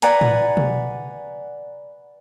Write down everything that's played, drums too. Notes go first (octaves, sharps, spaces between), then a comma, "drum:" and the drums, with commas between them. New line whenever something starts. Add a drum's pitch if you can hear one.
B4 D5 F#5 G#5 A#5, drum: hi-hat
drum: tom A2
drum: tom B2